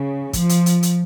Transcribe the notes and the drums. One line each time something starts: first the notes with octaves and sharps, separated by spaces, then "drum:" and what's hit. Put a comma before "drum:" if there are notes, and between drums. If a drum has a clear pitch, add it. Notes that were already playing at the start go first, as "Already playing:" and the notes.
Already playing: C#3
F3, drum: kick, hi-hat
drum: hi-hat
drum: hi-hat
drum: hi-hat